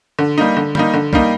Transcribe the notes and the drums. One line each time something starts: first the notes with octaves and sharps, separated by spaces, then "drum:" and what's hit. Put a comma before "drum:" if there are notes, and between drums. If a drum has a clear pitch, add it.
D3
G3 A#3 D#4
D3
G3 A#3 D#4, drum: tom
D3
G3 A#3 D#4, drum: kick B1